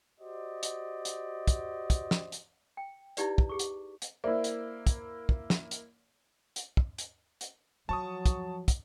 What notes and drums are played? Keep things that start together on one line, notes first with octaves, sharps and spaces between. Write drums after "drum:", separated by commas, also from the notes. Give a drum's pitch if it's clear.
F#4 G4 C5 D5 D#5
drum: hi-hat
drum: hi-hat
drum: kick, hi-hat
drum: kick, hi-hat
drum: snare
drum: hi-hat
G5
D#4 E4 G4 B4 D5, drum: hi-hat
drum: kick
G4 G#4 C#6
drum: hi-hat
drum: hi-hat
A#3 E4 C5 D5 E5
drum: hi-hat
drum: kick, hi-hat
drum: kick
drum: snare
drum: hi-hat
drum: hi-hat
drum: kick
drum: hi-hat
drum: hi-hat
F3 F#3 A5 C#6 D#6
drum: kick, hi-hat
drum: kick, hi-hat